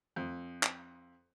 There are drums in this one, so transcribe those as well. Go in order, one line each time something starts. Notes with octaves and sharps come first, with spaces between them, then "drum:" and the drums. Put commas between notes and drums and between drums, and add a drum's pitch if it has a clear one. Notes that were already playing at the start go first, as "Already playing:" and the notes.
F2
drum: clap